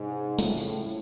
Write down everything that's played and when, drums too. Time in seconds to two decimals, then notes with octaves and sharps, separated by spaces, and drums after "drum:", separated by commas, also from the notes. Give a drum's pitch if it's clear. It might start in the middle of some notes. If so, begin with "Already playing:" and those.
Already playing: G#2 C3 C#4
0.39 A2 C#3 F3 G#3, drum: snare
0.57 drum: tambourine